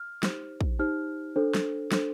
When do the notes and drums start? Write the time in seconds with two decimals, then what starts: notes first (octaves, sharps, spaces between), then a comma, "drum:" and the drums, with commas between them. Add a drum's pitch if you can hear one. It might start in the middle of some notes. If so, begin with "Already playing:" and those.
Already playing: F6
0.23 D#4 G4 C5, drum: snare
0.61 drum: kick
0.79 D#4 G4 C5 F6
1.36 D4 A4 C5
1.55 drum: snare
1.92 D4 A4 C5, drum: snare